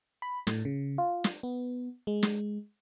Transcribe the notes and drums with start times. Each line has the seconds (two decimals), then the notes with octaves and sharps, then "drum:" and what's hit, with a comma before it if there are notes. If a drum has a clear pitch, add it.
0.22 B5
0.47 A2, drum: snare
0.65 C#3
0.98 F4
1.24 drum: snare
1.43 B3
2.07 G#3
2.23 drum: snare